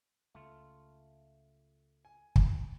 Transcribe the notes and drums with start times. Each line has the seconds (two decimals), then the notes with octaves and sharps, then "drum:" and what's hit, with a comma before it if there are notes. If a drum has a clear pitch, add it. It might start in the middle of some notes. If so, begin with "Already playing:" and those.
0.35 C#2 A3 F4
2.05 G#5
2.36 drum: kick